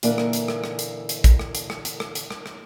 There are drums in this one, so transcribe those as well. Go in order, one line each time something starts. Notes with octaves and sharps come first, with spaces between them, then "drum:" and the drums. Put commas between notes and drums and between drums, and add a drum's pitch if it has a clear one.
A#2 D3 E3 A#3 A#4 D5, drum: hi-hat
drum: rim click
drum: hi-hat
drum: rim click
drum: rim click
drum: hi-hat
drum: hi-hat
drum: kick, hi-hat
drum: rim click
drum: hi-hat
drum: rim click
drum: hi-hat
drum: rim click
drum: hi-hat
drum: rim click
drum: rim click